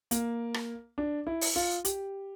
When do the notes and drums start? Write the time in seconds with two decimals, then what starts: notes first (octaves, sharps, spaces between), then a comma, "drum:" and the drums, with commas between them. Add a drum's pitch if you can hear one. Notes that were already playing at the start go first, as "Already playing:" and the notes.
0.11 A#3, drum: hi-hat
0.54 drum: rim click
0.98 D4
1.27 E4
1.41 drum: open hi-hat
1.56 F4
1.85 G4, drum: hi-hat